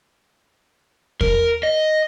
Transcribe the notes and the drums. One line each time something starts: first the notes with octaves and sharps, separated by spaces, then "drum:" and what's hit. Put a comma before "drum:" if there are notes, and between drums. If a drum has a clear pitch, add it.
A#4, drum: kick E2
D#5